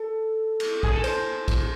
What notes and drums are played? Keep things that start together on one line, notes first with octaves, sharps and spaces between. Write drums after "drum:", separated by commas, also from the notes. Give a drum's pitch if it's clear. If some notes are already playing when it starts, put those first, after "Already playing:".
Already playing: A4
drum: cymbal
G#4, drum: kick
A4
C5, drum: cymbal
drum: kick, cymbal